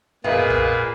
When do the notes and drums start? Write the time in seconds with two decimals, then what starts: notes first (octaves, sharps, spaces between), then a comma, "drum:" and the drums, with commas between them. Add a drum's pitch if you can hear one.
0.24 A#2 B3 G#4 A#4 B4 D#5 F5, drum: tom F2
0.50 drum: kick A#1